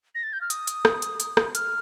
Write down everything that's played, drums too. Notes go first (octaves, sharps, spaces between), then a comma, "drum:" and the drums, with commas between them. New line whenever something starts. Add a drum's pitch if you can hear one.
A#6
A6
G6
F6
D#6, drum: hi-hat
drum: hi-hat
drum: rim click
drum: hi-hat
drum: hi-hat
drum: rim click
F6, drum: hi-hat